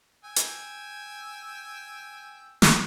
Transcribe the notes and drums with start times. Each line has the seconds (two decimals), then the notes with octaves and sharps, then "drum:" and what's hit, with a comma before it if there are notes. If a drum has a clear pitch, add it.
0.24 G5 G#5 E6
0.36 drum: hi-hat
2.62 drum: snare